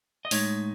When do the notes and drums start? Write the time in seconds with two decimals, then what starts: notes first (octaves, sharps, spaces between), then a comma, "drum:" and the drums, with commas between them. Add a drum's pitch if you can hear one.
0.25 D#5
0.31 A2 G#3 D#4 C#5, drum: open hi-hat